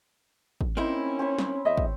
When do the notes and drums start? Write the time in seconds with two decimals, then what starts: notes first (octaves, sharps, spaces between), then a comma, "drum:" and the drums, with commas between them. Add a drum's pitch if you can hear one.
0.61 drum: kick
0.77 A#3 C4 C#4 D#4 E4 B5
1.19 C4 C#5 B5
1.39 drum: snare
1.65 E2 D#5 E5
1.77 drum: kick